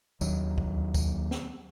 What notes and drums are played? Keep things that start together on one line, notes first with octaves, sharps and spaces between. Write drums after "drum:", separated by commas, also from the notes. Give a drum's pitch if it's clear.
D#2 D#3 F#3, drum: tambourine
drum: kick
drum: kick, tambourine
drum: snare C4